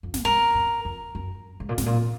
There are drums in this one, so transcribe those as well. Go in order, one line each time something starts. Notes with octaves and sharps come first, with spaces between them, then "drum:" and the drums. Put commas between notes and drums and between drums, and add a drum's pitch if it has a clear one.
F2
F#2, drum: snare
G#2 A#4
F#2
F2
F#2
G#2
A#2
G#2, drum: snare
A#2